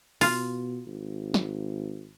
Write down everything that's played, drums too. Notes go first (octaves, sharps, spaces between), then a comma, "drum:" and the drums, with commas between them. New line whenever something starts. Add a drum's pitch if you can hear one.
B2 F4, drum: open hi-hat
G#1
drum: snare